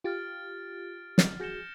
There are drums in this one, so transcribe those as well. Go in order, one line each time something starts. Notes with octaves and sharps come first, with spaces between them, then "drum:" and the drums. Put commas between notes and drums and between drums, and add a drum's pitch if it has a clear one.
F4 G4 F6 A6 D7
drum: snare
F#4 G#4 G6 A#6 C#7 E7 G7